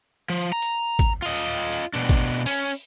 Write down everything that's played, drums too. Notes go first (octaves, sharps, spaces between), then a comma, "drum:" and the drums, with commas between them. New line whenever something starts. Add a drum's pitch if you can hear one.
F3
A#5
drum: hi-hat
drum: kick, hi-hat
F4 D#5
drum: hi-hat
drum: hi-hat
B2 D4
drum: kick, hi-hat
C#4, drum: open hi-hat